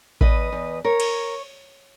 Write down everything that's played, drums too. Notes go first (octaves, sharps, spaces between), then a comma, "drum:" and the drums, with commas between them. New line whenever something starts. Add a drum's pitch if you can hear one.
E2 B4 D#5, drum: kick A1
E2
A#4 C#5
drum: cymbal